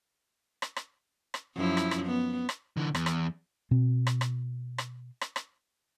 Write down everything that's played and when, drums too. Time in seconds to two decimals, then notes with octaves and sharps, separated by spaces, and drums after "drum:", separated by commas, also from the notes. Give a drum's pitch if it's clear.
0.62 drum: rim click
0.76 drum: rim click
1.34 drum: rim click
1.55 F#2 F3 E4
1.77 drum: rim click
1.91 drum: rim click
2.06 B3
2.49 drum: rim click
2.77 D3 E3
2.95 E2, drum: rim click
3.06 drum: rim click
3.71 B2 C4
4.07 drum: rim click
4.21 drum: rim click
4.78 drum: rim click
5.21 drum: rim click
5.36 drum: rim click